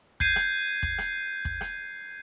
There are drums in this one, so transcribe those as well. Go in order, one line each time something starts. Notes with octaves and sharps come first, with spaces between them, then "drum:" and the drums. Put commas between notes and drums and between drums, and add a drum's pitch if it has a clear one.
G6 G#6 C7 D#7, drum: kick
drum: rim click
drum: kick
drum: rim click
drum: kick
drum: rim click